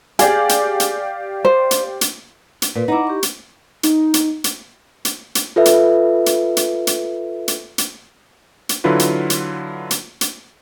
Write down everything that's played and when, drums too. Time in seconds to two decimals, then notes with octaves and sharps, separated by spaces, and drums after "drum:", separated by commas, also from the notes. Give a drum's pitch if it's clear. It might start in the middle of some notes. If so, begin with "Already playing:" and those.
0.19 G4 G#4 D5 F5, drum: hi-hat
0.49 drum: hi-hat
0.80 drum: hi-hat
1.45 C5
1.71 drum: hi-hat
2.01 drum: hi-hat
2.62 drum: hi-hat
2.75 A#2 B4
2.88 D#4 E4 F#5 A#5 D6
3.07 G4 C#6
3.23 drum: hi-hat
3.83 D#4, drum: hi-hat
4.14 drum: hi-hat
4.44 drum: hi-hat
5.05 drum: hi-hat
5.35 drum: hi-hat
5.56 F4 A4 B4 E5
5.65 drum: hi-hat
6.26 drum: hi-hat
6.57 drum: hi-hat
6.87 drum: hi-hat
7.48 drum: hi-hat
7.78 drum: hi-hat
8.69 drum: hi-hat
8.84 D3 F#3 E4 F4 B4
8.99 drum: hi-hat
9.30 drum: hi-hat
9.91 drum: hi-hat
10.21 drum: hi-hat